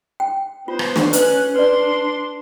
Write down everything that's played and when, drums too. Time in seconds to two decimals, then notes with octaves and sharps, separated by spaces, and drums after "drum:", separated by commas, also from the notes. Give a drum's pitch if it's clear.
0.20 G5
0.68 B3 F4 C5
0.79 drum: rim click
0.96 drum: snare
1.13 C#4 B4 F#6, drum: hi-hat
1.56 D4 B4 D5 C6